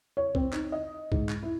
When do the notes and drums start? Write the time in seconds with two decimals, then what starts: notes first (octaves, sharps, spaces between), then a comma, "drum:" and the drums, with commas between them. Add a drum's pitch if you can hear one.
0.17 C#5
0.35 C4, drum: kick C2
0.53 D#4, drum: clap
0.72 D#5
1.12 G#2, drum: kick C2
1.29 drum: clap
1.43 E4